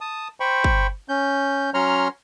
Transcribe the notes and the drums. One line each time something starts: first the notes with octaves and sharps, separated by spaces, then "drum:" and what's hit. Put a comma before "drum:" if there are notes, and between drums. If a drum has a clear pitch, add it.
A5 D#6
C5 G5 B5 C#6
drum: kick
C#4 G6
F#3 C#4 C#5 A#5 C6 F6